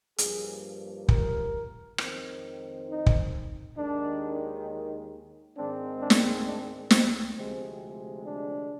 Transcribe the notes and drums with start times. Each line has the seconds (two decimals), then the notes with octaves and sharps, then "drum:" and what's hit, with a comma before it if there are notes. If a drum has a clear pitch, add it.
0.18 G2 F3 A#3 G#4, drum: hi-hat
1.08 A#4, drum: kick
1.98 F2 D#3 G#3 C4, drum: rim click
2.88 D#4
3.06 drum: kick
3.77 D#2 D#3 G#3 D4
5.57 G#2 D#3 G#3 C4 D4
6.01 D4
6.10 drum: snare
6.47 D4
6.91 C4, drum: snare
7.36 D2 C3 F3 G#3 C4
8.25 D4